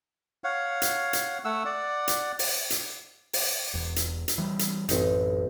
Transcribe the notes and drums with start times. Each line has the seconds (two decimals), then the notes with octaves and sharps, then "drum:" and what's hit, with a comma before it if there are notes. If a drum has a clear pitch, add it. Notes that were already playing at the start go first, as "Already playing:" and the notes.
0.44 C#5 F5 F#5
0.82 drum: hi-hat
1.13 drum: hi-hat
1.45 A3 F#5 E6
1.65 D5 F#5
2.08 drum: hi-hat
2.39 drum: open hi-hat
2.70 drum: hi-hat
3.33 drum: open hi-hat
3.74 E1 E2
3.96 drum: hi-hat
4.28 drum: hi-hat
4.38 E3 G3
4.59 drum: hi-hat
4.89 A1 F#2 C4 D#4, drum: hi-hat